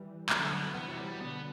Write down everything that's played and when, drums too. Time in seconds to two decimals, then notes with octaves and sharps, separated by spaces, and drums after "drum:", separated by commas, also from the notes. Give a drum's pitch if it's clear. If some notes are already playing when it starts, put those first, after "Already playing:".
Already playing: E3 G3
0.30 D3 F#3 A3, drum: clap
0.52 B3
0.75 C3 E3 B3
0.88 F#3
0.98 G3
1.20 B2 D3 B3